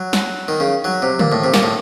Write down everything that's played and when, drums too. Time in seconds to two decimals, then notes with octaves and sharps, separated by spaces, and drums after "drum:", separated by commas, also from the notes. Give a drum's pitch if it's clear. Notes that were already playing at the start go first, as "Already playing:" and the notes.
Already playing: F#3
0.13 drum: snare
0.48 D#3
0.60 C#3
0.84 F#3
1.02 C3
1.19 A#2, drum: tom D3
1.32 A2
1.44 C3
1.54 A#2, drum: snare
1.63 A2